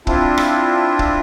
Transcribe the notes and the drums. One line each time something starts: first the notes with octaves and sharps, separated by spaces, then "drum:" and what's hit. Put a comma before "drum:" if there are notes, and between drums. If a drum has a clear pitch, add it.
C4 D4 E4 F4, drum: kick
drum: rim click
drum: kick